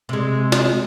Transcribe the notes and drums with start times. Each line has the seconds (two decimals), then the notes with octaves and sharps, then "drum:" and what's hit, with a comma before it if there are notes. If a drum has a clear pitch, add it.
0.09 C3 G#3
0.52 drum: snare